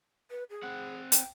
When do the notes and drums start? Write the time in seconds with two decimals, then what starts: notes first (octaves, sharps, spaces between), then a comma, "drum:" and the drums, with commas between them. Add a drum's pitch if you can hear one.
0.31 B4
0.50 G#4
0.63 C4 F#5
1.12 G5, drum: hi-hat